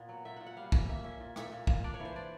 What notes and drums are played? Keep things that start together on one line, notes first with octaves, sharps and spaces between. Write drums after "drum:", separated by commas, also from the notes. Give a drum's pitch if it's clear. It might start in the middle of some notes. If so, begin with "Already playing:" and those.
Already playing: A#2 B3
F#3
A#2 E5
A#2 F#5
F#5
G3 F5
C#4 E5, drum: kick
A#3 E5
C#4 E5
A#2
A#2 E5, drum: rim click
A#2
A#2 F5, drum: kick
D4 D5
C#5
E3 C5
D4 D5